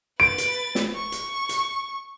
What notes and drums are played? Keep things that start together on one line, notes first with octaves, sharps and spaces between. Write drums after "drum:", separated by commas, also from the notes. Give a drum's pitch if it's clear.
B4 A6 D7
drum: hi-hat
drum: snare
C#6
drum: hi-hat
drum: hi-hat